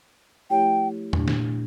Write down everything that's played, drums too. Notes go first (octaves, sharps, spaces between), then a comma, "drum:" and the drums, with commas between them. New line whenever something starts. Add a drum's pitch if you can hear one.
F3 A3 E4 G4 C#5 G5
A#2 A3 D4 G4, drum: tom E2
drum: snare